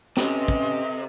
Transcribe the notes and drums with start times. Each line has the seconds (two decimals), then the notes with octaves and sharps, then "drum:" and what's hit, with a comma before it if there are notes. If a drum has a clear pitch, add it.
0.17 C3 C#4 G4 A4 B4 D#5, drum: snare
0.48 drum: kick